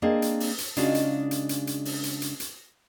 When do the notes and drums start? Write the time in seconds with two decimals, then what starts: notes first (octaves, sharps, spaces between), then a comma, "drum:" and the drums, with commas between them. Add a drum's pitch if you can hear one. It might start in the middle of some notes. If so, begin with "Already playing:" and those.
0.02 A#3 C4 D4 G#4 D#5
0.22 drum: hi-hat
0.40 drum: open hi-hat
0.58 drum: hi-hat
0.77 C#3 G#3 D4 D#4 F4 F#4, drum: hi-hat
0.95 drum: hi-hat
1.31 drum: hi-hat
1.49 drum: hi-hat
1.67 drum: hi-hat
1.85 drum: open hi-hat
2.03 drum: hi-hat
2.22 drum: hi-hat
2.40 drum: hi-hat